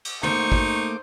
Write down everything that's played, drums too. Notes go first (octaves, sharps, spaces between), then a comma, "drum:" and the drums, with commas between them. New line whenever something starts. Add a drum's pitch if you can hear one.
drum: cymbal
A3 A#3 D#4 C5 C#6 D6, drum: tom
drum: kick